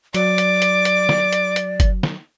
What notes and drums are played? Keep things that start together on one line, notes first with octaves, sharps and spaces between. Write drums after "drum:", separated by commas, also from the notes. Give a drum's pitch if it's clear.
F#3 D5 D6, drum: hi-hat
drum: hi-hat
drum: hi-hat
drum: hi-hat
drum: snare
drum: hi-hat
drum: hi-hat
drum: kick F#1, hi-hat
drum: snare